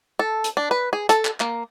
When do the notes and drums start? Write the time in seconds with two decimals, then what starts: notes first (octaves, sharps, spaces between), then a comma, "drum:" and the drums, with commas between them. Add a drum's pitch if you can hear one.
0.19 A4
0.44 drum: hi-hat
0.57 D4
0.71 B4
0.93 G#4
1.09 A4, drum: hi-hat
1.25 drum: clap
1.40 A#3, drum: clap